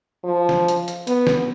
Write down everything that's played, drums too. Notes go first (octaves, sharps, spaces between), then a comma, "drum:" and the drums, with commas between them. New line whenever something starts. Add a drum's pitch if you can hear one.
F3
drum: snare
drum: hi-hat
drum: hi-hat
B3, drum: hi-hat
drum: snare